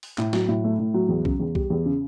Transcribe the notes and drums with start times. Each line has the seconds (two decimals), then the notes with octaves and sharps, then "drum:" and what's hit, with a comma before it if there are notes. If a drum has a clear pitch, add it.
0.03 drum: open hi-hat
0.18 A2, drum: clap
0.33 F#3, drum: snare
0.49 A2
0.64 A3
0.79 A2
0.94 F#3
1.09 E2
1.25 C#3, drum: kick B1
1.40 E2
1.55 G3, drum: kick B1
1.70 E2
1.86 C#3